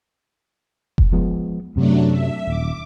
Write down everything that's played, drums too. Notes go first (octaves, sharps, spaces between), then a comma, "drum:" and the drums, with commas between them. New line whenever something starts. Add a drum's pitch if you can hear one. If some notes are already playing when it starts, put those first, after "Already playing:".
drum: kick F1
F3 G#3 B3
F#2 C3 F#3 A3 D4
E5
D#1 D6